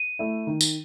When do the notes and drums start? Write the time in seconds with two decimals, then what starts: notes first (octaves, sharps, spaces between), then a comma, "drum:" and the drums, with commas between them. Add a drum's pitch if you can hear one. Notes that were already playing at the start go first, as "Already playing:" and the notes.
Already playing: D#7
0.19 A3 E4
0.47 D#3
0.61 drum: tambourine